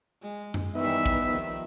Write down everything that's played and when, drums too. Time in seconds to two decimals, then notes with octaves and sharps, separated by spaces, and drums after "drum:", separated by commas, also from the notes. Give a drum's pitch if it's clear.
0.22 G#3
0.54 drum: tom F#2
0.75 D#3 E3 G3 B3 D#4 E5
1.06 drum: kick
1.26 D#3 F3